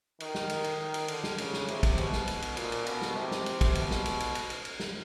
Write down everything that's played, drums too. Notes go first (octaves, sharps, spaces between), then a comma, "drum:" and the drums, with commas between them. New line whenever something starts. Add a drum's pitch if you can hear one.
D#3, drum: cymbal
drum: snare
drum: cymbal
drum: cymbal
D#3
drum: cymbal
D3, drum: cymbal
drum: snare
C#3, drum: cymbal
drum: snare
C3, drum: cymbal
drum: kick, cymbal
B2, drum: cymbal
drum: snare
drum: cymbal
drum: cymbal
A#2, drum: cymbal
drum: cymbal
B2, drum: cymbal
drum: snare
C3
drum: snare
drum: cymbal
drum: kick, cymbal
B2, drum: cymbal
drum: snare
drum: cymbal
drum: cymbal
drum: cymbal
drum: cymbal
drum: cymbal
drum: snare